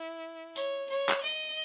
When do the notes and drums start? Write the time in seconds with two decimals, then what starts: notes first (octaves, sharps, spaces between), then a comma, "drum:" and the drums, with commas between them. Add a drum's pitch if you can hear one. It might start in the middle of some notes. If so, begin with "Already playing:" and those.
Already playing: E4
0.56 C#5, drum: tambourine
0.89 C#5
1.09 drum: clap
1.23 D#5